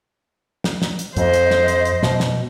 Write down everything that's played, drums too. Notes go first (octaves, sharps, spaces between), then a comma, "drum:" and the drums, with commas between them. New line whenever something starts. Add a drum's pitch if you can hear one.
drum: snare
drum: snare
drum: hi-hat
F2 C5 D#5, drum: hi-hat
drum: hi-hat
drum: snare
drum: hi-hat
drum: hi-hat
B2, drum: snare
drum: snare